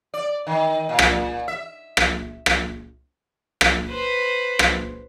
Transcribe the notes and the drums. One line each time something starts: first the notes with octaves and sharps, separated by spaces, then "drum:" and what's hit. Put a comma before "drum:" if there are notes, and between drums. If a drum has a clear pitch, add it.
D5
D#3
A#2
drum: rim click
E5
drum: rim click
drum: rim click
drum: rim click
B4 C5
drum: rim click